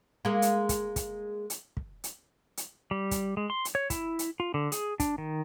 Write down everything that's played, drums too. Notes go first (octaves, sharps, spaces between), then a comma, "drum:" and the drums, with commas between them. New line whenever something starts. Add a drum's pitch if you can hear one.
G#3 A#3
drum: hi-hat
drum: kick, hi-hat
drum: kick, hi-hat
drum: hi-hat
drum: kick
drum: hi-hat
drum: hi-hat
G3
drum: kick, hi-hat
G#3
C6
drum: hi-hat
C#5
E4, drum: kick, hi-hat
drum: hi-hat
F4
D3
G#4, drum: hi-hat
D4, drum: kick, hi-hat
D#3